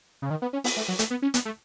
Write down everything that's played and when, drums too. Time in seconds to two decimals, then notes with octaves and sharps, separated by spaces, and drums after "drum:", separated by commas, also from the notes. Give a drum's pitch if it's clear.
0.22 C#3
0.30 D#3
0.42 B3
0.53 C#4
0.64 B3, drum: open hi-hat
0.77 A3
0.88 F#3
0.99 A3, drum: hi-hat
1.10 B3
1.22 C#4
1.34 B3, drum: hi-hat
1.45 A3